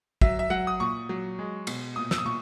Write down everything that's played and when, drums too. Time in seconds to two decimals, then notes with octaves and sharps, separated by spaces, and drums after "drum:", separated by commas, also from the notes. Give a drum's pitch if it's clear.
0.21 F#3 E5, drum: kick
0.39 E5
0.50 F#3 F#5
0.67 D#6
0.80 A#2 C#6
1.09 F#3
1.39 G#3
1.67 B2, drum: cymbal
1.96 A#2 D#6
2.11 E6, drum: snare
2.18 D#6
2.25 A#2 C#6